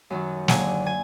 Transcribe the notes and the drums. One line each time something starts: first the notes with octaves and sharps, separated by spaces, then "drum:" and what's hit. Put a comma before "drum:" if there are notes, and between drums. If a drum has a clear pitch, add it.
F#2 D#3 F#3
D#2 D3 F#3 G#5, drum: snare
G#5